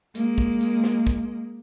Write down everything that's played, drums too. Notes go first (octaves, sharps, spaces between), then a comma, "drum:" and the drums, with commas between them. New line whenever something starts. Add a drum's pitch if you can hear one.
G#3 A#3, drum: hi-hat
drum: kick
drum: hi-hat
drum: snare
drum: kick, hi-hat